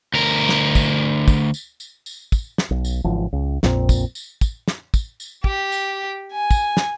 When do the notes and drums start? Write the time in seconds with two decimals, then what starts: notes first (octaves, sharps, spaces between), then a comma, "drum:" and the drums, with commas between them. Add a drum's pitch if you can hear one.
0.14 D2 A#4
0.49 drum: snare
0.75 drum: kick, tambourine
1.28 drum: kick, tambourine
1.54 drum: tambourine
1.80 drum: tambourine
2.06 drum: tambourine
2.32 drum: kick, tambourine
2.58 drum: snare
2.71 B1
2.85 drum: tambourine
3.04 G#1 C#3 E3 F3
3.33 C#2
3.63 A#1 F2 A#2 C4, drum: snare
3.89 drum: kick, tambourine
4.15 drum: tambourine
4.41 drum: kick, tambourine
4.68 drum: snare
4.94 drum: kick, tambourine
5.20 drum: tambourine
5.44 G4, drum: kick
5.72 drum: tambourine
6.32 G#5
6.51 drum: kick, tambourine
6.77 drum: snare